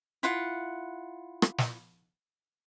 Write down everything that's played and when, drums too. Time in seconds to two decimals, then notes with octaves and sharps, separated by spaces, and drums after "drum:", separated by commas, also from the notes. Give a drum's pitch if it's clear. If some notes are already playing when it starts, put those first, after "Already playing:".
0.23 E4 F4 F#5
1.42 drum: rim click
1.58 drum: snare